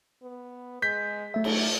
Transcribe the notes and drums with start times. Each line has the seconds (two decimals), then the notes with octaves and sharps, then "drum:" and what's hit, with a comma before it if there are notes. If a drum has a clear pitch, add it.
0.22 B3
0.82 G#3 G6 B6
1.34 F#3 A3 E5
1.44 drum: cymbal